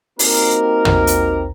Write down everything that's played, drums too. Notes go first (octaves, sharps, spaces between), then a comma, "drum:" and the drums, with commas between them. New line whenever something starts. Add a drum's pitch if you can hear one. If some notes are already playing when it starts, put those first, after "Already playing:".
A#3 C4 D#4 F#4 G4 A#4, drum: open hi-hat
drum: tom
drum: hi-hat